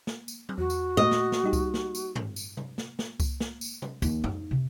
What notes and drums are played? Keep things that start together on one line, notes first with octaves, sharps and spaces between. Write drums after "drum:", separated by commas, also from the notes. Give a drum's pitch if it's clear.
drum: snare
drum: tambourine
drum: tom F#3
E2 F#4
drum: tambourine
A#2 A3 A#3 D#5
drum: snare
drum: snare
G3 D#4 G4
drum: kick C2, tambourine
drum: snare
drum: tambourine
drum: tom G2
drum: tambourine
drum: tom C3
drum: snare
drum: snare
drum: kick C2, tambourine
drum: snare
drum: tambourine
drum: tom C3
D#2, drum: tambourine
D#4, drum: tom F2
C3